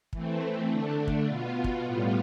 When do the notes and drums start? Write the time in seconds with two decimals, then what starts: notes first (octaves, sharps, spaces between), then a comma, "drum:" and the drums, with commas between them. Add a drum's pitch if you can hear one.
0.13 E3 A3 C4, drum: kick
0.70 D3 A3 D4
1.08 drum: kick
1.26 B2 B3 F4
1.64 drum: kick
1.83 A2 G3 B3 F4